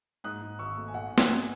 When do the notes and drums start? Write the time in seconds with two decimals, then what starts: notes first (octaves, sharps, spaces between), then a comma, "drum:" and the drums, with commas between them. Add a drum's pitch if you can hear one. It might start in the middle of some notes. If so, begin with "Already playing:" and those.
0.24 G#2 D#6 F#6
0.41 G#2
0.59 G#1 C#6 E6
0.77 A3
0.88 G#5
0.94 B1 F#5
1.12 B1
1.18 G#5, drum: snare
1.29 B3